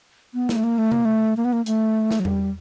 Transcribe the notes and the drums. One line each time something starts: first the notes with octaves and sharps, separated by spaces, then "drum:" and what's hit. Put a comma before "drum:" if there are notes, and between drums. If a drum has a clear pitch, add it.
B3
A#3, drum: snare
A3
A#3
A3
A#3, drum: tom C3
A3
A#3
B3
A#3
A3, drum: hi-hat
drum: snare
F#3
G3, drum: tom E2